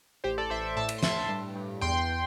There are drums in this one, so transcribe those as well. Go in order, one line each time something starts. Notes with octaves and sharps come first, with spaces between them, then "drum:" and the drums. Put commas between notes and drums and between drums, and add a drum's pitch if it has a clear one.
A1 G4 C5
A4 D5
A1 C5 E5
A2 E5 A5
drum: cymbal
C6
A2 E5 A5, drum: snare
G2
G2
E2 G5 C6